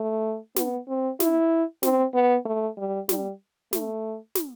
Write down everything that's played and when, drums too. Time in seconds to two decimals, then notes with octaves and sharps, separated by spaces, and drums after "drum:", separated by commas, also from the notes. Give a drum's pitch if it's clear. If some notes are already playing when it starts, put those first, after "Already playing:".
Already playing: A3
0.56 B3, drum: snare
0.88 C4
1.20 E4, drum: snare
1.83 C4, drum: snare
2.14 B3
2.46 A3
2.78 G3
3.09 G3, drum: snare
3.73 A3, drum: snare
4.35 drum: snare